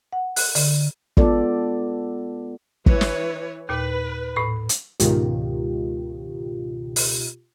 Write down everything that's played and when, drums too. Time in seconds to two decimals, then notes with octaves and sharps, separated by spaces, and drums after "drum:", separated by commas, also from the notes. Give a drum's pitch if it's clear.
0.13 F#5
0.36 F#6, drum: open hi-hat
0.55 D3, drum: open hi-hat
1.17 G#3 B3 F4 A4 D5, drum: kick
2.86 E3 B4 C#5, drum: kick
3.01 drum: snare
3.69 D#2 A#2 B4
4.36 A2 B5
4.69 drum: hi-hat
5.00 C#2 G#2 B2 D#3 F4 G4, drum: hi-hat
6.96 drum: open hi-hat